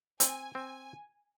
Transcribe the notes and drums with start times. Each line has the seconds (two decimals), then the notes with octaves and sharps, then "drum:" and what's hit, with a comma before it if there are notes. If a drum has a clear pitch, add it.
0.20 C4 G#5, drum: hi-hat
0.55 C4 G#5